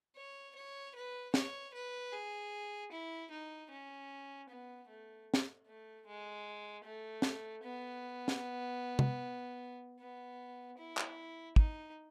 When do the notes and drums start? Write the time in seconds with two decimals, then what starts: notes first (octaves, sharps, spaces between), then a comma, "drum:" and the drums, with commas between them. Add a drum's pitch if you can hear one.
0.16 C#5
0.55 C#5
0.95 B4
1.34 C#5, drum: snare
1.74 B4
2.13 G#4
2.92 E4
3.31 D#4
3.70 C#4
4.49 B3
4.88 A3
5.34 drum: snare
5.66 A3
6.06 G#3
6.84 A3
7.22 drum: snare
7.63 B3
8.28 drum: snare
8.99 drum: tom C3
9.99 B3
10.78 E4
10.97 drum: clap
11.56 D#4, drum: kick